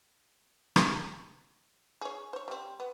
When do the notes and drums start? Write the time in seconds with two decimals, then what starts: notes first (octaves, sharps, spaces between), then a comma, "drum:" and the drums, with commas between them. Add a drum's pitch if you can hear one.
0.76 drum: rim click
2.01 G#4 C#5
2.33 C5 C#5
2.48 G3 C4
2.80 B3